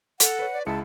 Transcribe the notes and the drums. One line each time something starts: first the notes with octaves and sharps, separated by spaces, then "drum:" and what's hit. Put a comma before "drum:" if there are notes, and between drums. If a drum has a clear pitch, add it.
A4 F#5, drum: hi-hat
B4 C#5
D5
C#2 G#3 E4 A5 C#7